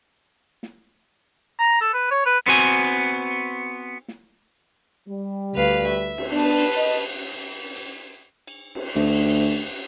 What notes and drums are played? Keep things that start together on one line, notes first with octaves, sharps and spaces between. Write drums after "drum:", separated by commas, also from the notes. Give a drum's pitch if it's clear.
drum: snare
A#5
A4
B4
C#5
B4
B3 C4 F#4 G#5
drum: cymbal
drum: snare
G3
D2 B4 F5
E5
drum: cymbal
B3 D4 B4 A5
D#5
drum: hi-hat
drum: hi-hat
drum: cymbal
drum: cymbal
D2